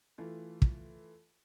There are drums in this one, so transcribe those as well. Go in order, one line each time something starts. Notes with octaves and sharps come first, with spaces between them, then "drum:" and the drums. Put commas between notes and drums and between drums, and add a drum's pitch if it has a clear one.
E3 A3 F4
drum: kick